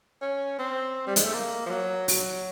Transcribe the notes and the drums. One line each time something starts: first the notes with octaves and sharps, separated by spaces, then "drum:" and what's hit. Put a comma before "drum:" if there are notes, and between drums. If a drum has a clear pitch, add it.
C#4
C4
G3
G#3, drum: hi-hat
A3
A#3
F3
F#3
F#3, drum: open hi-hat